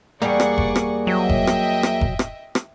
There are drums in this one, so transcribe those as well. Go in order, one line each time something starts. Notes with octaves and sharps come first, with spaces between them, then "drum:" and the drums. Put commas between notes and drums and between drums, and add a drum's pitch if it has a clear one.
E2 G3 A#3 G#4 D5 F#5 C#6
drum: rim click
drum: kick F1
drum: rim click
F#3 D#5 E5 G5
drum: kick F1
drum: rim click
drum: rim click
drum: kick F1
drum: rim click
drum: rim click